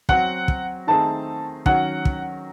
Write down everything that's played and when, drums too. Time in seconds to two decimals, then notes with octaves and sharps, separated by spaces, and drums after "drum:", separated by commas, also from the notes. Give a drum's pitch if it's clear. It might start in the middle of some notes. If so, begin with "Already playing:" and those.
0.09 F#3 C4 F#4 F#5, drum: kick
0.48 drum: kick
0.87 D#3 A3 C4 D#4 G#4 A5
1.66 D#3 F#3 C#4 F#4 F#5, drum: kick
2.05 drum: kick